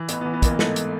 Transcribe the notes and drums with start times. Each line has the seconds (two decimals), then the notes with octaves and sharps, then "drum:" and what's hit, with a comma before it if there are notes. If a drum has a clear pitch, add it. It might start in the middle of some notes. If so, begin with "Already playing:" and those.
Already playing: E3
0.09 A1 B3, drum: hi-hat
0.21 B3
0.25 E3
0.34 B3
0.42 A1 A#3, drum: kick, hi-hat
0.59 G#2 A3, drum: snare
0.76 drum: hi-hat